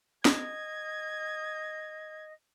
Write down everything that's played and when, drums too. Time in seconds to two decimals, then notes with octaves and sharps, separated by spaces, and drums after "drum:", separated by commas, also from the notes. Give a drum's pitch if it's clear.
0.25 D#5 G#6, drum: snare